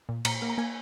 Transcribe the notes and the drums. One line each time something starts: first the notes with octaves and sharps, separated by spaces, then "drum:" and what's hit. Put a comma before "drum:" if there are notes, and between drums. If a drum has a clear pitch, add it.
A#2
A#2 A#5, drum: cymbal
A#3
A#5
A#3 G#5